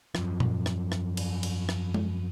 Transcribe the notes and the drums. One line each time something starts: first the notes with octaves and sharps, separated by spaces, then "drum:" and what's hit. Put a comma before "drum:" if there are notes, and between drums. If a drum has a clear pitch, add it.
F#2 F3, drum: rim click
drum: tom A#2
drum: rim click
drum: rim click
drum: cymbal
drum: cymbal
drum: rim click
drum: tom G#3